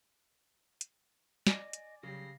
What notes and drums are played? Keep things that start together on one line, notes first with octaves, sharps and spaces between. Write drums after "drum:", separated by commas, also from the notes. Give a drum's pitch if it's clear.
drum: hi-hat
D5 D#5 G#5, drum: snare
drum: hi-hat
C#3 F#3 G3 A#6 C7